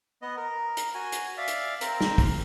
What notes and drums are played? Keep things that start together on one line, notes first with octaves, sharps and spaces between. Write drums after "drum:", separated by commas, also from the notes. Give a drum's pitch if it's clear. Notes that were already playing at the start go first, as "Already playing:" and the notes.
B3 D#5
A#4
drum: hi-hat
F#4 G#5
drum: hi-hat
D5 E5 F5
drum: hi-hat
C4 A#4, drum: hi-hat
drum: snare
drum: kick, open hi-hat